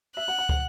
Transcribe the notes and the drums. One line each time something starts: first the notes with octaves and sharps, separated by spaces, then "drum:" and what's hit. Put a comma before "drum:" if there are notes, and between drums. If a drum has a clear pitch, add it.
E5 F#6
F#5
F#5
F#5, drum: kick